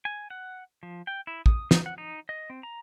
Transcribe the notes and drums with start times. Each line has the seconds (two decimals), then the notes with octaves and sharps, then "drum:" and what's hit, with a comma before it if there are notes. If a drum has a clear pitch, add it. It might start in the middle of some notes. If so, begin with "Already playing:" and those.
0.05 G#5
0.30 F#5
0.83 F3
1.07 G5
1.27 E4
1.46 D#6, drum: kick
1.71 D#4, drum: snare
1.86 F#5
1.98 D#4
2.29 D#5
2.50 C4
2.63 A#5